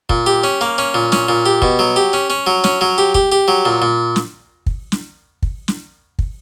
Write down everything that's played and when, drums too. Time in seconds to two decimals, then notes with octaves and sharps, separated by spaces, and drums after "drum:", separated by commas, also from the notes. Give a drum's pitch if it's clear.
0.10 A#2, drum: kick
0.26 G4
0.44 C#4
0.61 A#3
0.78 C#4
0.94 A#2
1.12 C#4, drum: snare
1.29 A#2
1.46 G4
1.62 B2, drum: kick
1.79 F#3
1.96 G4
2.13 C#4
2.30 C#4
2.47 F#3
2.64 C#4, drum: snare
2.81 F#3
2.98 G4
3.15 G4, drum: kick
3.32 G4
3.48 F#3
3.65 A#2
3.82 A#2
4.16 drum: snare
4.66 drum: kick
4.92 drum: snare
5.43 drum: kick
5.68 drum: snare
6.19 drum: kick